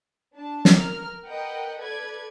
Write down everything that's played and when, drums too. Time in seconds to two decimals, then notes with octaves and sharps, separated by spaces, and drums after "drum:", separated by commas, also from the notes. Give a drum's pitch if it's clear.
0.34 D4 A5
0.65 drum: snare
0.74 A#4 F6
1.26 A#4 B4 D#5 F#5 G5
1.78 A4 B4 D5 G#6